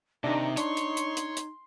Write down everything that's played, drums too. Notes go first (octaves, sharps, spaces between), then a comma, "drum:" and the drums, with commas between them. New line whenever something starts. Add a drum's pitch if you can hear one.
C3 D#3 D4 D#4
D4 C#5 C6, drum: hi-hat
drum: hi-hat
drum: hi-hat
drum: hi-hat
drum: hi-hat